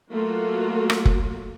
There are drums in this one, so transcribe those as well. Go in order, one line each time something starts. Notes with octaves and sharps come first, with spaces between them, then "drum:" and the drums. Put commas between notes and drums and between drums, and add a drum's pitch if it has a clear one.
F#3 A3 A#3 F4 F#4
drum: rim click
drum: kick